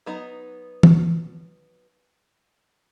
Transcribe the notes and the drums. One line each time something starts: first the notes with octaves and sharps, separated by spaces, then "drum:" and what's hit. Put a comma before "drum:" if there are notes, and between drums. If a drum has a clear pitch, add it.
F#3 B3 D#4
drum: tom E3